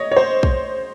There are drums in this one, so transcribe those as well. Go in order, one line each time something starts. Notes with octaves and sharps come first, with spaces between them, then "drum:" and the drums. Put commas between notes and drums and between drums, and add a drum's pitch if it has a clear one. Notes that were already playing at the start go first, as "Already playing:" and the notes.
Already playing: C#5 D#5
C#5
C5
drum: kick